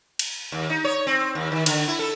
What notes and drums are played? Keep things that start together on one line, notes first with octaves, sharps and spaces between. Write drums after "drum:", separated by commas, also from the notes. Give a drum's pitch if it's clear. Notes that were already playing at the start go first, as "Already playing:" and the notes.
drum: cymbal
D#2
D#4
C#5
C4
D#2
D#3
D3, drum: cymbal
E4
A4